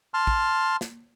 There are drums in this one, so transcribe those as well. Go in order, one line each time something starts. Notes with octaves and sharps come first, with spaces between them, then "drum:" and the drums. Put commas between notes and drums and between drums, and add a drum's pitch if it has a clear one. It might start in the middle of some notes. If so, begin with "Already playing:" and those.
A5 C6 F6
drum: kick
drum: snare